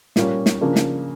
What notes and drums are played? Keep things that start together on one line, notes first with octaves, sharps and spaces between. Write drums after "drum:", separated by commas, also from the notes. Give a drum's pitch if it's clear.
A#2 G3 A#3 C#4, drum: snare
drum: snare
C#3 F3 A#3 D4
drum: snare